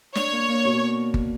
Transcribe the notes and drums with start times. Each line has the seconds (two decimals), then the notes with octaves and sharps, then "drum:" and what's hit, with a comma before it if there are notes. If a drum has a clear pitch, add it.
0.15 D4 C#5, drum: snare
0.32 A#3
0.49 A#3
0.65 B2
1.14 drum: kick G1